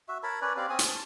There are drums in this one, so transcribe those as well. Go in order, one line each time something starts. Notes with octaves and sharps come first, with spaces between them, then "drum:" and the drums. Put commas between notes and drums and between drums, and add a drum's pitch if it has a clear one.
F#4 E5
A#4 C#5 A5 B5
C#4 B4 C#5 D5
C4 G4 D5 F5
C4 C#4 G#5 D#6
drum: hi-hat
A5